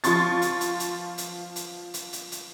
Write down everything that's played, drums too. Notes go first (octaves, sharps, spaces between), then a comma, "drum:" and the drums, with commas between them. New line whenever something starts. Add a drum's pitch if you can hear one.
F3 F4 C6 C#6 A6, drum: hi-hat
drum: hi-hat
drum: hi-hat
drum: hi-hat
drum: hi-hat
drum: hi-hat
drum: hi-hat
drum: hi-hat
drum: hi-hat